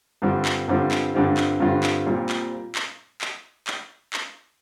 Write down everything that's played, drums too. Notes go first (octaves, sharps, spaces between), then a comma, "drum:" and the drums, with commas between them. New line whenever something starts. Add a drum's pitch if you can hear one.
G2 D3 G3 C4 F4
drum: clap
G2 D3 G3 C4 F4
drum: clap
G2 D3 G3 C4 F4
drum: clap
G2 D3 G3 C4 F4
drum: clap
A#2 G3 C4 F4
drum: clap
drum: clap
drum: clap
drum: clap
drum: clap